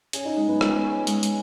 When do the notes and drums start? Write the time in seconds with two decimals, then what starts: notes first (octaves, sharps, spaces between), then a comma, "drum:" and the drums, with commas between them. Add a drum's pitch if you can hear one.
0.13 C#4 G#4, drum: hi-hat
0.25 D#4
0.36 G#3 C#4
0.48 B3
0.61 G#3, drum: rim click
0.84 C#4
1.07 G#3, drum: hi-hat
1.23 drum: hi-hat